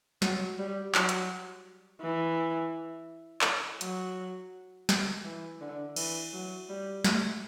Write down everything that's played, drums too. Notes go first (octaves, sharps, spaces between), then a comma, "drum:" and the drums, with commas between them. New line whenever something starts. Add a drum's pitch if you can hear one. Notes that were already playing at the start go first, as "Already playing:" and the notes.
F#3, drum: snare
G3
F#3, drum: clap
drum: hi-hat
E3
drum: clap
F#3, drum: hi-hat
drum: snare
E3
D3
E3, drum: cymbal
F#3
G3
A3, drum: snare